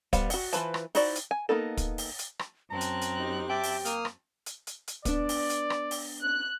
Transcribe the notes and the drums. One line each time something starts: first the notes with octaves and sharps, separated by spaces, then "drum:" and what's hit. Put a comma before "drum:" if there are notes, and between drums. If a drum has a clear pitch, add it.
G3 B3 C5 F5 F#5, drum: kick, hi-hat
F#4 F#5, drum: open hi-hat
E3 F4 B4 C5 A5, drum: hi-hat
drum: rim click
D#4 E4 F#4 C5 D5, drum: open hi-hat
drum: hi-hat
G#5
A#3 B3 D#4 A4
drum: kick, hi-hat
drum: open hi-hat
drum: hi-hat
drum: rim click
F#2 C4 A5 A#5 F#6
drum: hi-hat
drum: hi-hat
D#4 G4
E5 G5 A5 D6
drum: open hi-hat
A#3 D#6 F6, drum: hi-hat
drum: rim click
drum: hi-hat
drum: hi-hat
drum: hi-hat
B3 D4 D5, drum: kick, hi-hat
drum: open hi-hat
drum: hi-hat
drum: rim click
drum: open hi-hat
F#6